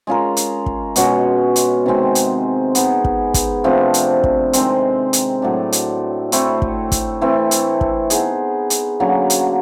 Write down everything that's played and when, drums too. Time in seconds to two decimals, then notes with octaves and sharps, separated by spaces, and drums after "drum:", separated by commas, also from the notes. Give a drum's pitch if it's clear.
0.07 G#3 C#4 F4 A#4
0.37 drum: hi-hat
0.66 drum: kick
0.96 B2 G#3 C#4 F#4, drum: hi-hat
1.56 drum: hi-hat
1.86 C3 D#3 G#3 C4
2.15 drum: hi-hat
2.75 B3 D#4 G#4, drum: hi-hat
3.05 drum: kick
3.34 drum: kick, hi-hat
3.64 C3 F3 A3 D4
3.94 drum: hi-hat
4.24 drum: kick
4.53 D#3 G#3 C4, drum: hi-hat
5.13 drum: hi-hat
5.42 A2 F#3 A3 D4
5.72 drum: hi-hat
6.32 A3 C4 E4, drum: hi-hat
6.62 drum: kick
6.92 drum: kick, hi-hat
7.21 E3 A3 C4
7.51 drum: hi-hat
7.81 drum: kick
8.10 B3 D#4 G#4, drum: hi-hat
8.70 drum: hi-hat
9.00 D3 F#3 A#3 C#4
9.30 drum: hi-hat